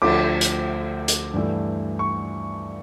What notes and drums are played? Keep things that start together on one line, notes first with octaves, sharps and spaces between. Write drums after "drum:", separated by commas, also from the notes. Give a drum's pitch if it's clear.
D2 D3 F3 A3 D6, drum: cymbal
drum: hi-hat
drum: hi-hat
G2 E3 A3
C#6